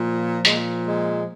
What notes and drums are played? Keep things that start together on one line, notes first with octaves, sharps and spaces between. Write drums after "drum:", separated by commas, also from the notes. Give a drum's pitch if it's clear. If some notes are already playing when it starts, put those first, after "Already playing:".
Already playing: A#2 F3
A#2 F3 G#3, drum: hi-hat
G#3